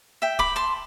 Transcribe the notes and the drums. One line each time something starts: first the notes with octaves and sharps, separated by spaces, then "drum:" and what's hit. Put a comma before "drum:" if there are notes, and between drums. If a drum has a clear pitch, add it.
E5 G5
B5 D6, drum: kick D1
A5 C6